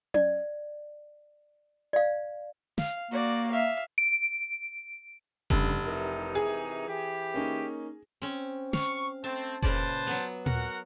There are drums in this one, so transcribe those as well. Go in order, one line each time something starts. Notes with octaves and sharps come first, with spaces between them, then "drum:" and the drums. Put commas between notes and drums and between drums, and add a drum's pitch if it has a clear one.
D5, drum: tom C#4
D5 F5
F5, drum: snare
A#3 F#4 D5
E5 F5
D7
F1 G2 C#3, drum: kick F1
C3 E3 D#4 A#4
G#4
E3 G4
A#3 C#4 D#4
C4 C#4
F5 C#6, drum: snare
A3 C4 A5
A#2 C#3 B4 C5 D5 A5, drum: kick F1
F#3 B3
F#4 A#4 F#5, drum: tom A#2